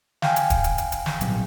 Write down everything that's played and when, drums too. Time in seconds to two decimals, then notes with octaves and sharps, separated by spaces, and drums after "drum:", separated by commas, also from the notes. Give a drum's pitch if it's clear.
0.22 F5 G5 G#5, drum: snare
0.36 drum: hi-hat
0.50 drum: kick, hi-hat
0.64 drum: hi-hat
0.78 drum: hi-hat
0.92 drum: hi-hat
1.06 drum: snare
1.21 A#2 F#3 G3, drum: hi-hat